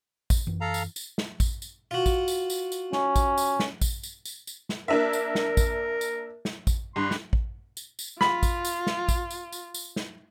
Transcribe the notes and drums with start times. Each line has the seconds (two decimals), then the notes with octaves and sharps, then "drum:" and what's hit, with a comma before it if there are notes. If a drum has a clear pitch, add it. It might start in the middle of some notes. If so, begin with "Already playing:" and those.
0.30 drum: kick A1, tambourine
0.47 F#2 E3
0.61 A4 F5 A#5
0.74 drum: tambourine
0.96 drum: tambourine
1.18 drum: snare
1.40 drum: kick A1, tambourine
1.62 drum: tambourine
1.91 F4 F#4
2.06 drum: kick A1, tambourine
2.28 drum: tambourine
2.50 drum: tambourine
2.72 drum: tambourine
2.93 C#4, drum: snare
3.16 drum: kick A1, tambourine
3.38 drum: tambourine
3.60 drum: snare
3.82 drum: kick A1, tambourine
4.03 drum: tambourine
4.25 drum: tambourine
4.47 drum: tambourine
4.69 drum: snare
4.88 A#3 D4 A#4 E5
5.13 drum: tambourine
5.35 drum: snare
5.57 drum: kick A1, tambourine
6.01 drum: tambourine
6.45 drum: snare
6.67 drum: kick A1, tambourine
6.96 G2 C6
7.11 drum: snare
7.33 drum: kick A1
7.77 drum: tambourine
7.99 drum: tambourine
8.21 F4 B5, drum: snare
8.43 drum: kick A1, tambourine
8.65 drum: tambourine
8.87 drum: snare
9.09 drum: kick A1, tambourine
9.30 drum: tambourine
9.52 drum: tambourine
9.74 drum: tambourine
9.96 drum: snare